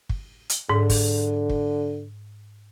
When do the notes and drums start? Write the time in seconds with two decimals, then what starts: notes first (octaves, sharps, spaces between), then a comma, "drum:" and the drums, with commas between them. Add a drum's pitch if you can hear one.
0.09 drum: kick
0.49 drum: hi-hat
0.69 G#2 D3
0.90 drum: kick, open hi-hat
1.50 drum: kick